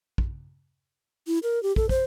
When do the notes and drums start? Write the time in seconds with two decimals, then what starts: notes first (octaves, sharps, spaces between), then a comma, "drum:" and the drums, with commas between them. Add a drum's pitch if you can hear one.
0.18 drum: kick
1.27 E4
1.43 A#4
1.63 G4
1.76 A4, drum: kick
1.89 C5, drum: kick